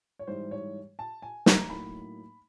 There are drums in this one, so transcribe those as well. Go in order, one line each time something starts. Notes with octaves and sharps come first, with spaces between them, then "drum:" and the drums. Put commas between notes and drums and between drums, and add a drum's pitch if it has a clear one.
C#5
G#2 E3 G3 C5
C#5
A5
G#5
A#5, drum: snare
A2 F#3 A#3 D#4 B5